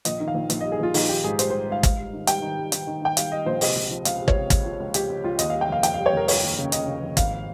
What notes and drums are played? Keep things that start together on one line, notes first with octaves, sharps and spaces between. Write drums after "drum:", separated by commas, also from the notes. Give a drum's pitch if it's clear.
A#1 D#5, drum: hi-hat
D#3
F5
A#1
A#1, drum: hi-hat
G3 D#5
G#4
A#1 F4
A#1 D#4, drum: open hi-hat
D#3 G4
G#2 G#4
G3 C5, drum: hi-hat
G3 C5
G#2 F5
G#2 F5, drum: kick, hi-hat
G3
D#3
G3 G5, drum: hi-hat
D#3
G3
D#3, drum: hi-hat
D#3
D#3 G5
G3 F5, drum: hi-hat
G3 D#5
A#1 C5
C3 D#5, drum: open hi-hat
C#2
F3
C#2 F5, drum: hi-hat
C3
C#5, drum: kick
C#2
C#2, drum: kick, hi-hat
F3
C#2
C#2 G4, drum: hi-hat
C#2
C#2 F4
D#2 D#5, drum: hi-hat
G3 F5
G5
F1 F5
F1 G5, drum: hi-hat
G3 F5
C#5
F1 A#4
G3 C#5, drum: open hi-hat
D#2
C#3
C#3 D#5, drum: hi-hat
C#3
F1
G#1 F5, drum: kick, hi-hat